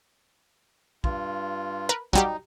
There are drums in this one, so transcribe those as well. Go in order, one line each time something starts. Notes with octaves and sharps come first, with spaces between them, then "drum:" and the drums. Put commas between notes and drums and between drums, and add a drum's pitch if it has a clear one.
G2 F4, drum: kick
A#4 B4
F#3 G3 D#4 G4, drum: kick